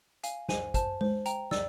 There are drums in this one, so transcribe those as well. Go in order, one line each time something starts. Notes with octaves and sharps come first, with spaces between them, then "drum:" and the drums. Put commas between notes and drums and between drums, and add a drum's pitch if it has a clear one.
F5 G#5, drum: hi-hat
C5 G#5, drum: snare
C5 A5, drum: kick, hi-hat
C5, drum: tom G#3
G5 A#5, drum: hi-hat
D5 E6, drum: snare